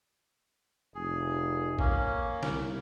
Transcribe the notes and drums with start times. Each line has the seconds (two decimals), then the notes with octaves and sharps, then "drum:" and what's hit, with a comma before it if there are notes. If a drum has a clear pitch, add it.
0.95 F1 G#4
1.79 A#3 C#4, drum: kick
2.43 C2, drum: snare